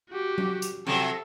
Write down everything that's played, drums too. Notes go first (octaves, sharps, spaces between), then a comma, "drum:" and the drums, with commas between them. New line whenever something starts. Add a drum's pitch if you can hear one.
F#4 G4
drum: tom F#3
drum: hi-hat
C3 F3 F#3 A4